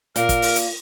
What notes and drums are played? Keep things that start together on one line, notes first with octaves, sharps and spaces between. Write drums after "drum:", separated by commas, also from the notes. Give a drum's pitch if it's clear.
A#2 A#4 F5, drum: hi-hat
drum: kick, hi-hat
drum: open hi-hat
drum: hi-hat